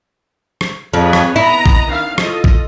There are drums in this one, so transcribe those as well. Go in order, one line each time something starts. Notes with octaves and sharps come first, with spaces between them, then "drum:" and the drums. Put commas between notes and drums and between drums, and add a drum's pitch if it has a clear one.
drum: rim click
F2 G#4 B4 C#5
drum: rim click
B3 E4 D#5 A#5
drum: kick A#1
D#3 D4 F5
F4 A4 D#5, drum: rim click
drum: kick A#1